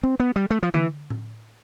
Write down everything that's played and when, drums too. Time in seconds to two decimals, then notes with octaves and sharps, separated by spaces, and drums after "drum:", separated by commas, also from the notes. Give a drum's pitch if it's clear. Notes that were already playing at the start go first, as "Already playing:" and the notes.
0.03 C4
0.20 B3
0.36 G3
0.50 A3
0.63 F3
0.74 E3, drum: tom D3
1.10 drum: tom A2